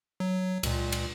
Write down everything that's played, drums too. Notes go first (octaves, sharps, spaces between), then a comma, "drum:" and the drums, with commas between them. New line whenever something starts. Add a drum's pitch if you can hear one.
F#3
C#2 A#2, drum: cymbal
drum: cymbal